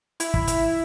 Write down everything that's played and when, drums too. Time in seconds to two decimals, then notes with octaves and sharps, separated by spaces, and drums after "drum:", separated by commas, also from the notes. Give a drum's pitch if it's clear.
0.20 E4, drum: hi-hat
0.34 drum: kick
0.47 drum: hi-hat